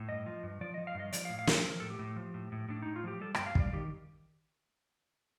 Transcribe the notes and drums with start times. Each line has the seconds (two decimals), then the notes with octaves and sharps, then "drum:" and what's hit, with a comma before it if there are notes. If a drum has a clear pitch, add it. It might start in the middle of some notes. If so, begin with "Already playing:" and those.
Already playing: A2
0.09 G2 D#5
0.26 F3
0.43 G2
0.61 F3 D5
0.74 F3 D#5
0.87 F5
0.95 G2 D#5
1.13 F3 D5, drum: hi-hat
1.25 F5
1.29 A2
1.39 F5
1.47 F3 A4, drum: snare
1.64 F3 A#4
1.80 A2 A4
1.90 G4
1.99 A2
2.16 F3
2.34 A2
2.52 A2
2.68 A2 D4
2.82 A2 D#4
2.96 F4
3.04 F3 G4
3.21 G3 A4
3.35 G2 G5, drum: rim click
3.46 F5
3.55 G3 D5, drum: kick
3.72 D#3 G4